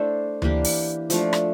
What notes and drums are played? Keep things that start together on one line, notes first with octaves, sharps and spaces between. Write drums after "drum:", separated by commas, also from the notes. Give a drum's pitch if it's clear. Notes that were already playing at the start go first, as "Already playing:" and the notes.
Already playing: A3 D4 E4 A4 C5
E3 A#3 D4 G4, drum: tom D2
drum: open hi-hat
F3 A3 D4, drum: hi-hat
drum: rim click